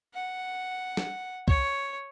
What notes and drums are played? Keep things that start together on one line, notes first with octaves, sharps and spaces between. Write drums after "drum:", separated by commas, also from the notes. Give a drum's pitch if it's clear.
F#5
drum: snare
C#5, drum: kick